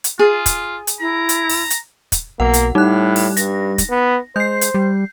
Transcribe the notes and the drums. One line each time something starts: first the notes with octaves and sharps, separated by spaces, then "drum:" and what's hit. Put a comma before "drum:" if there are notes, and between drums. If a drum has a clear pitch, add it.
drum: hi-hat
F4 G#4
drum: kick, hi-hat
drum: hi-hat
E4 A#5
drum: hi-hat
drum: open hi-hat
drum: hi-hat
drum: kick, hi-hat
B1 A#3 F#5
drum: hi-hat
A2 G3 D#4 F#6
drum: open hi-hat
G2 A#6, drum: hi-hat
drum: kick, hi-hat
B3
G#3 C5 G6 C7
drum: hi-hat
G3